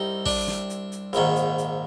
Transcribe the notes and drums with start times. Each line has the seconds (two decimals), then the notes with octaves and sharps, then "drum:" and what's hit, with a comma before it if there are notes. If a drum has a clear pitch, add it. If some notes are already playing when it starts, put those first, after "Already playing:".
Already playing: C2 C3 G3 D#4
0.26 D4, drum: kick, open hi-hat
0.48 drum: snare
0.70 drum: hi-hat
0.92 drum: hi-hat
1.13 A#1 G#2 D#3, drum: hi-hat
1.36 drum: hi-hat
1.58 drum: hi-hat